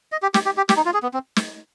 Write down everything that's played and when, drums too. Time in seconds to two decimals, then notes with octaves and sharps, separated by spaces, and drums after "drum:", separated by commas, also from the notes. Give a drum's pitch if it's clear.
0.12 D#5
0.22 G4
0.34 G4, drum: snare
0.46 G4
0.57 G4
0.69 G4, drum: snare
0.77 D#4
0.86 F4
0.94 G#4
1.03 B3
1.14 C4
1.36 drum: snare